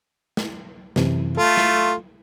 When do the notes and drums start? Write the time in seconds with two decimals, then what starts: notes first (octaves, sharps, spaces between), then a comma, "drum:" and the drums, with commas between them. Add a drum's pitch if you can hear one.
0.37 drum: snare
0.96 F#2 C3 E3, drum: snare
1.37 A3 F4 A4
1.57 drum: snare